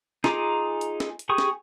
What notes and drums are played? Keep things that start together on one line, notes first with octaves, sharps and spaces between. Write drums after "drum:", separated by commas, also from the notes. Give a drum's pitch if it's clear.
D#4 F4 G#4 A#5 D6, drum: snare
drum: hi-hat
drum: snare
drum: hi-hat
G4 G#4 C#6 D#6
drum: snare